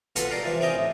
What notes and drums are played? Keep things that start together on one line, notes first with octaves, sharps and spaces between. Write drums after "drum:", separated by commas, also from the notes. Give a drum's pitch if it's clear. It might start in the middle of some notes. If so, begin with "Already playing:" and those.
F4 F#4 A4 B4, drum: hi-hat
G4 A#4 D5 F5
E3 F3 F4
C4 C#4 E4 G4 D#5 G5
A2